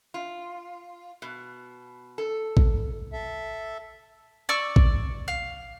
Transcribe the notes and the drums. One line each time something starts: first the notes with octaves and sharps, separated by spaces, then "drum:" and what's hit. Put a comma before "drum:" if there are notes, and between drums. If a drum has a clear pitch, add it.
F4
B2
A4
drum: kick A1
A4 E5
D5 C#6 E6
drum: kick A1
F5